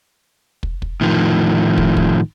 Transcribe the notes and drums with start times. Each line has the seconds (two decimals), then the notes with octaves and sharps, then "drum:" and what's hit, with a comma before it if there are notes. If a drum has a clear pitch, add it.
0.63 drum: kick
0.82 drum: kick
1.01 A2 D#3 F3
1.78 drum: kick
1.97 drum: kick